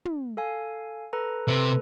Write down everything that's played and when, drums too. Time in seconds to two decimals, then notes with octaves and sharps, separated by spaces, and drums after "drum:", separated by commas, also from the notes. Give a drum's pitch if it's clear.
0.05 drum: tom
0.37 A4 F5 G#5
1.13 A4 B4 A#5
1.48 C3 A4 B4